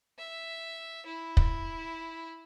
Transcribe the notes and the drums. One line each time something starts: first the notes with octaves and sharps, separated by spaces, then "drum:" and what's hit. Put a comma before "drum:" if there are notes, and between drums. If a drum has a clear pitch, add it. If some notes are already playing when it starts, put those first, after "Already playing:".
E5
E4
drum: kick